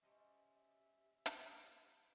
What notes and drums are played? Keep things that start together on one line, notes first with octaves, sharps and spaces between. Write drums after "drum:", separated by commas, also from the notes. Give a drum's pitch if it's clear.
B2 G3 C#4 G4 C5 D#5 E5 A#5
drum: hi-hat